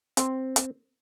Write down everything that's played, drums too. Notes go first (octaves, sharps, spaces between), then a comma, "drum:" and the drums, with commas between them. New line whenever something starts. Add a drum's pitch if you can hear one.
C4, drum: hi-hat
drum: hi-hat